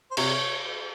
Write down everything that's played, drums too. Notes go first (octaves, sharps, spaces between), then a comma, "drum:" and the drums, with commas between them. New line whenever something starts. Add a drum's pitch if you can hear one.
C5
C3 C#5, drum: cymbal